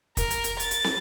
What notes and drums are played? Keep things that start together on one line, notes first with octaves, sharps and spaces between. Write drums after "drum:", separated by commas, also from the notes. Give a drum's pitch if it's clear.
A#4, drum: kick, hi-hat
drum: hi-hat
drum: hi-hat
A6, drum: hi-hat
drum: hi-hat
drum: snare